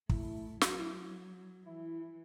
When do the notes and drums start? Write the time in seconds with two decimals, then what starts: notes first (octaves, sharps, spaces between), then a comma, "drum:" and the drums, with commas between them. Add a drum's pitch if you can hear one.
0.09 A3 E4, drum: kick
0.61 F#3 F#4, drum: snare
0.79 E4
1.65 E3 E4